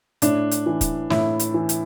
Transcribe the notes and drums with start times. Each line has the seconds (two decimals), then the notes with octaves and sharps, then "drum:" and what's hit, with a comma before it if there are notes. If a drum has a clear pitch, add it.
0.22 A2 D4, drum: hi-hat
0.51 drum: hi-hat
0.66 E3
0.81 drum: kick, hi-hat
1.10 A2 E4, drum: snare
1.39 drum: hi-hat
1.54 E3
1.69 drum: hi-hat